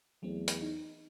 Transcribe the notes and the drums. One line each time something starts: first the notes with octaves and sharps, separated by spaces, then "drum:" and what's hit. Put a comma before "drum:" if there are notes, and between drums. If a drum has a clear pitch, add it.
E2 F#3 A3 C4
drum: hi-hat
D#4